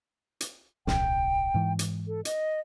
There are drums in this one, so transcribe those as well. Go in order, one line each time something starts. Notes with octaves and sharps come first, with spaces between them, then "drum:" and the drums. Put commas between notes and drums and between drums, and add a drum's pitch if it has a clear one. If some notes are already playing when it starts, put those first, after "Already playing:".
drum: hi-hat
D1 B1 G5, drum: snare
G#2 E3
drum: hi-hat
A4
D#5, drum: hi-hat